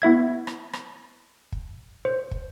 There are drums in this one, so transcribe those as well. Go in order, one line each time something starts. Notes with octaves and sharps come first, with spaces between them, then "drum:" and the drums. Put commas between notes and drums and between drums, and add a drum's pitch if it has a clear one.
B3 E4 E5 G#6
drum: rim click
drum: rim click
drum: kick
C5
drum: kick